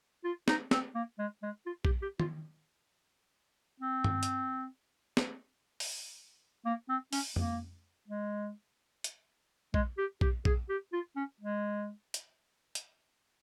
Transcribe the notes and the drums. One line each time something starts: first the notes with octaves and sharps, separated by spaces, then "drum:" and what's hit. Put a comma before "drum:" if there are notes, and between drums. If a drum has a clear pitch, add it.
F4
D#4, drum: snare
C4, drum: snare
A#3
G#3
G#3
F4
G4, drum: kick A#1
G4
F4, drum: tom D#3
C4
drum: tom G2
drum: hi-hat
drum: snare
drum: open hi-hat
A#3
C4
C#4, drum: open hi-hat
A#3, drum: tom F2
G#3
drum: hi-hat
G#3, drum: kick A#1
G4
G4, drum: kick A#1
G#4, drum: kick A#1
G4
F4
C#4
G#3
drum: hi-hat
drum: hi-hat